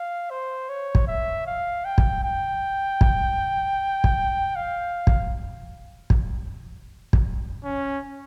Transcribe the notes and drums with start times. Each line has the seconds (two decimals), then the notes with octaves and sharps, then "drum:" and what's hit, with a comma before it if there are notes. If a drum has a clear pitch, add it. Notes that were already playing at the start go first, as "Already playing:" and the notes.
Already playing: F5
0.30 C5
0.69 C#5
0.95 drum: kick
1.08 E5
1.47 F5
1.85 G5
1.98 drum: kick
2.24 G5
3.01 drum: kick
4.04 drum: kick
4.56 F5
5.07 drum: kick
6.10 drum: kick
7.13 drum: kick
7.64 C#4